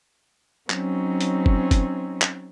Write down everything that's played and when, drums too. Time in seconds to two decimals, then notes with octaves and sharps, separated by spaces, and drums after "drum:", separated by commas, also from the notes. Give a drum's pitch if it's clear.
0.70 F#3 C4 C#4 D#4, drum: clap
1.21 drum: hi-hat
1.46 drum: kick
1.71 drum: kick, hi-hat
2.22 drum: clap